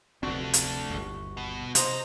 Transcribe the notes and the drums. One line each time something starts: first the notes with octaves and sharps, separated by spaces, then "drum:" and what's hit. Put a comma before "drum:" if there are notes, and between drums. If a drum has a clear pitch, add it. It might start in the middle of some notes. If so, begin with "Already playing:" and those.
F1 D2 A3 C4 D4 F#4
drum: hi-hat
G1 D#2
B2
C3 D4 C5 D#5 A#5, drum: hi-hat